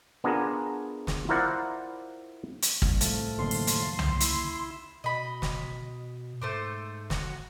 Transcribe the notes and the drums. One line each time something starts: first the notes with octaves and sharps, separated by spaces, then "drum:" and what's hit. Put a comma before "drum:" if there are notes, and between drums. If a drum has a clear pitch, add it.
B3 D4 F4 G#4 A#4
drum: snare
E4 F4 A#4 C5 D5 F#5
drum: hi-hat
C2, drum: kick
A2 F3 A3, drum: hi-hat
F#1 D#2 D3 C6
drum: open hi-hat
drum: hi-hat
drum: tom C2
E4, drum: hi-hat
B2 D#5 B5
drum: snare
G#2 A3 C5 D6
F#4, drum: snare